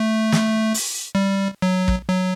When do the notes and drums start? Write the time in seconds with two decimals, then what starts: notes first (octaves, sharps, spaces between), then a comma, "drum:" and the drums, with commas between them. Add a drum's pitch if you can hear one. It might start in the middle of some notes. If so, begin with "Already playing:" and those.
Already playing: A3
0.32 drum: snare
0.74 drum: open hi-hat
1.15 G3
1.62 F#3
1.88 drum: kick
2.09 F#3